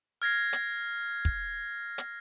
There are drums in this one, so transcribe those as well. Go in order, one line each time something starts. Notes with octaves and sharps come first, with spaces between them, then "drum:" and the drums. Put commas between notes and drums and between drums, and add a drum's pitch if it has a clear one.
F6 G#6 A#6 C7
drum: hi-hat
drum: kick
drum: hi-hat